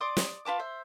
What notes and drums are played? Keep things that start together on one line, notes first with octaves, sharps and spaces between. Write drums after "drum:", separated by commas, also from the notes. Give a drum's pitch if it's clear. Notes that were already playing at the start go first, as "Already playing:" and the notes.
D5 C6 D6 D#6
drum: snare
F4 B4 A5 D6
C5 E5